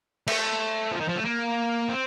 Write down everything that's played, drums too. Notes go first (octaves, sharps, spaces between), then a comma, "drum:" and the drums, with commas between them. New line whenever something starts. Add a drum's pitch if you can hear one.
A3, drum: cymbal
F3
D#3
F3
A3
A#3
C4